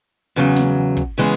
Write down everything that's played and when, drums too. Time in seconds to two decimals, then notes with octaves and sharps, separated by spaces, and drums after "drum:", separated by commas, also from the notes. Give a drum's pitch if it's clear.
0.36 E2 C#3 F#3
0.56 drum: snare
0.97 drum: kick, hi-hat
1.18 C#3 E3 G#3 B3